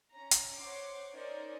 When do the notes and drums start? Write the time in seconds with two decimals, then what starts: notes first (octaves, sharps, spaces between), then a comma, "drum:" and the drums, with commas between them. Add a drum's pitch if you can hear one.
0.12 C#4 A#5
0.31 drum: hi-hat
0.59 C5 C#5 F#5 C6 D6
1.14 C#4 D#4 A#4 C5 D5 D#5